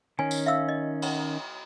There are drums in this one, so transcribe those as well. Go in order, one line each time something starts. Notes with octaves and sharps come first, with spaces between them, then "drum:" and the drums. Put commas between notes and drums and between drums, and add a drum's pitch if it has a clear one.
D#3 C#4 G#5
drum: tambourine
E5 F5 E6
D#5
drum: cymbal